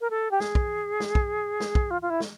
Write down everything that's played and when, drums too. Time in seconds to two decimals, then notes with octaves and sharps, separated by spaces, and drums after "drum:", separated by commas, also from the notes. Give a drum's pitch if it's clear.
0.01 A#4
0.10 A4
0.31 G4
0.40 G#4, drum: snare
0.55 drum: kick
1.00 drum: snare
1.15 drum: kick
1.60 drum: snare
1.75 drum: kick
1.91 F4
2.02 F4
2.10 E4
2.20 drum: snare